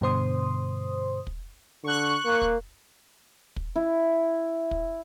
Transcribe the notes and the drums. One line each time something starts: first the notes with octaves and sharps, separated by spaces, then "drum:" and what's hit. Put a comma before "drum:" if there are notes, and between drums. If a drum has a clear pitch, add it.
G2 B2 D3 C5 C6 D#6
drum: kick
D3 C#6 F#6
A#3
drum: kick
drum: kick
E4
drum: kick